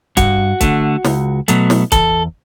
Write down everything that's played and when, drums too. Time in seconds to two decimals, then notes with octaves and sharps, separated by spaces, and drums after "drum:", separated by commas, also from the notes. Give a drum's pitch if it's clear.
0.17 G2 F#4, drum: kick, hi-hat
0.61 D3 A3, drum: kick, hi-hat
1.04 C#2, drum: snare
1.48 B2 F#3 A3, drum: hi-hat
1.70 drum: snare
1.92 E2 A4, drum: kick, hi-hat